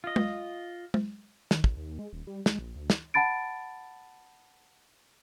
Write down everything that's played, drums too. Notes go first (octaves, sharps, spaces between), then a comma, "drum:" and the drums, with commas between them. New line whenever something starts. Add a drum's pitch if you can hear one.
F4 D#5
drum: tom
drum: tom
D#3, drum: snare
B1, drum: kick
D#2
G#3
D#1
G3
G#3, drum: snare
A#1
D2
drum: snare
F#5 A5 B5 A6 D7